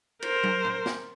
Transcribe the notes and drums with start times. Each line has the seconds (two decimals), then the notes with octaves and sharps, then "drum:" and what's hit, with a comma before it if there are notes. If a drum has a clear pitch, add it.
0.22 A#4 C5, drum: cymbal
0.43 drum: tom
0.64 drum: tom
0.86 drum: snare